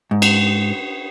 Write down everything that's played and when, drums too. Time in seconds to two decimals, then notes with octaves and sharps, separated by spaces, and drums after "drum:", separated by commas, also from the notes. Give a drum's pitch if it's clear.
0.11 G#2
0.22 drum: cymbal